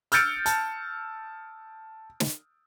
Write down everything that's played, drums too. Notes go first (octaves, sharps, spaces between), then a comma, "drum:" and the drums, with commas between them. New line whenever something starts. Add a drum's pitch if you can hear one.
E6 F6 G6 A6 C#7 D7, drum: hi-hat
A5, drum: hi-hat
drum: snare